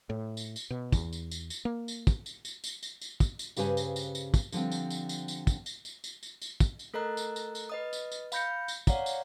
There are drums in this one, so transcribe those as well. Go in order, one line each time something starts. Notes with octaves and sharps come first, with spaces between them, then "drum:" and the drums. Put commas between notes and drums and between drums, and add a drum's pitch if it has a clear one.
A2
drum: tambourine
drum: tambourine
B2
E2, drum: kick, tambourine
drum: tambourine
drum: tambourine
drum: tambourine
A#3
drum: tambourine
drum: kick, tambourine
drum: tambourine
drum: tambourine
drum: tambourine
drum: tambourine
drum: tambourine
drum: kick, tambourine
drum: tambourine
G2 C#3 G4 B4 C5 G#5, drum: tambourine
drum: tambourine
drum: tambourine
drum: tambourine
drum: kick, tambourine
D3 F3 G3 C4, drum: tambourine
drum: tambourine
drum: tambourine
drum: tambourine
drum: tambourine
drum: kick, tambourine
drum: tambourine
drum: tambourine
drum: tambourine
drum: tambourine
drum: tambourine
drum: kick, tambourine
drum: tambourine
A3 A4 A#4 D#5 A#5 F#6
drum: tambourine
drum: tambourine
drum: tambourine
B4 D#5 D#6
drum: tambourine
drum: tambourine
F5 B5 G6 A#6 C#7, drum: tambourine
drum: tambourine
C#5 D5 F5 F#5 A#5, drum: kick, tambourine
drum: tambourine